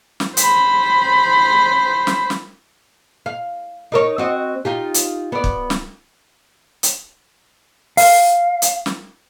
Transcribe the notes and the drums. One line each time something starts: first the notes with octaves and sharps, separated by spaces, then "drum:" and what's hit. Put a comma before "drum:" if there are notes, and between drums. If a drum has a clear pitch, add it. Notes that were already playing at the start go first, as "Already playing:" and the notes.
drum: snare
C5 B5, drum: hi-hat
drum: snare
drum: snare
F5
D#4 A#4 C#5
C4 F#4 D#5
D#4 F4 G4
drum: hi-hat
B3 D5
drum: kick
drum: snare
drum: hi-hat
F5, drum: open hi-hat
drum: hi-hat
drum: snare